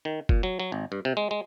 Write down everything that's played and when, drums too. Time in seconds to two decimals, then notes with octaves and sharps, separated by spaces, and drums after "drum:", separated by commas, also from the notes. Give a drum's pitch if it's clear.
0.05 D#3
0.29 A#2, drum: kick
0.43 F#3
0.60 F#3
0.72 G#1
0.92 G2
1.05 C3
1.17 G#3
1.31 G#3